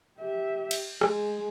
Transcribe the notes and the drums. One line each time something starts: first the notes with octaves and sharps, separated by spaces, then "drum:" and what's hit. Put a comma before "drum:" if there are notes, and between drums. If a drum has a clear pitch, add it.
G4 E5
drum: cymbal
G#3, drum: rim click